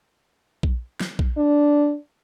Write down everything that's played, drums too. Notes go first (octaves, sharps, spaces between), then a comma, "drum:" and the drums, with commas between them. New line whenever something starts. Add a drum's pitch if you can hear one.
drum: kick A#1
drum: snare
drum: kick A#1
D4